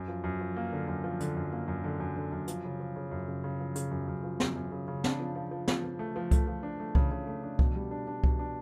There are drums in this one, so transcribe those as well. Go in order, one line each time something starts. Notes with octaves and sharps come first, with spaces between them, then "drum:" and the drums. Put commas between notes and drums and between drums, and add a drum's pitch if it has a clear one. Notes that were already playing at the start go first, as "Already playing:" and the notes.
Already playing: F#2
F3
F#2
F3
A#3
D3
F#2
F3
D3, drum: hi-hat
F#2
A#3
F#2
D3
F#2
D3
F#2
F3, drum: hi-hat
C#3
F3
C#3
F#2
C#3
C#3
F3
C#3, drum: hi-hat
F#2
F#2
F3
F#2, drum: snare
F#2
C#3
C#3
D4, drum: snare
F3
F3
F3
F3, drum: snare
F3
A3
F3
A3, drum: kick C2, hi-hat
F3
D4
A3
C#3, drum: kick C2
C#3
A3
D4
B2, drum: kick C2
G3
D4
D4
B2, drum: kick C2
D4